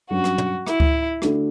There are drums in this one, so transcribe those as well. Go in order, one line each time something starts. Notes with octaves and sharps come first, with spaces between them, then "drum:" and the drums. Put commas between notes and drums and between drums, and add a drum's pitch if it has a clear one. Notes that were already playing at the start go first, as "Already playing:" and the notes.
G2 F#3 C#4 F#4
drum: rim click
drum: tom
E4, drum: rim click
drum: kick C#2
D3 A3 D4 F#4, drum: rim click